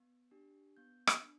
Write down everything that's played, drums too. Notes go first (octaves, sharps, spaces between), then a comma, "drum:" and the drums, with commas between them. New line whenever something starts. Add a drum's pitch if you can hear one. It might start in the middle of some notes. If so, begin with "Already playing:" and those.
Already playing: B3
D4 G4
B3 G6
drum: rim click
D4